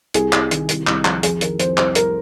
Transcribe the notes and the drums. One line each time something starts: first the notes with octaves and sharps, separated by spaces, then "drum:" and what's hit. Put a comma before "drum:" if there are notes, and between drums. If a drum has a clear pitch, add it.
C2 G#4, drum: hi-hat
C2, drum: clap
D#3, drum: hi-hat
C2, drum: hi-hat
C2, drum: clap
F3, drum: clap
F2 G#4, drum: hi-hat
D#3 A#4, drum: hi-hat
F2 C5, drum: hi-hat
C2 C5, drum: clap
C2 A#4, drum: hi-hat